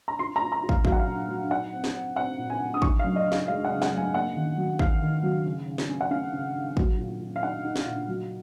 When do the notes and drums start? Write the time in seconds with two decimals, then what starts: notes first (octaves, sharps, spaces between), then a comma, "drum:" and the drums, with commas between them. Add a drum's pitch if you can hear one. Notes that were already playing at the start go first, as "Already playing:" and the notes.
0.08 A#5
0.19 F4 C6
0.36 A#5
0.42 F4
0.52 A#5
0.63 F4
0.69 F5, drum: kick
0.85 F#3 F5, drum: kick
0.92 F#5
0.99 F5
1.07 A#2
1.29 F#3
1.50 D#4 F#5
1.73 C4
1.84 drum: snare
1.94 C4
2.16 C4 F#5
2.38 A#2
2.50 G#5
2.61 A#2
2.74 D#6
2.82 D#4 C#6, drum: kick
2.99 F5
3.04 F#2
3.16 D#5
3.26 C#3
3.32 F5, drum: snare
3.48 G#3 F5
3.65 F#5
3.71 C#3
3.82 F#5, drum: snare
3.92 F#2
3.97 G#5
4.14 A#3 F#5
4.36 D#3
4.58 F#3
4.79 D#3 F5, drum: kick
5.02 D#3
5.23 F#3
5.46 C#3
5.67 C#3
5.78 drum: snare
5.89 C#4
6.01 F#5
6.11 C#4 F5
6.33 C#3
6.56 C#3
6.77 F#3, drum: kick
6.99 A#2
7.21 A#2
7.36 F5
7.42 D#4 F#5
7.65 D#4
7.76 drum: snare
7.87 A#2
8.08 F#3